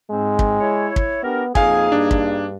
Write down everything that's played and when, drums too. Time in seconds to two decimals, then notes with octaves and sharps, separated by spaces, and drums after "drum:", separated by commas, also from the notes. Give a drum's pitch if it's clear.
0.10 G#2 G#3 C4
0.39 drum: kick
0.60 E4 C#5
0.96 drum: kick
1.23 B3 D4 G4 A#4
1.55 F2 A#3 D#4 G#4 F5 G#5, drum: kick
1.92 G2 D4
2.11 drum: kick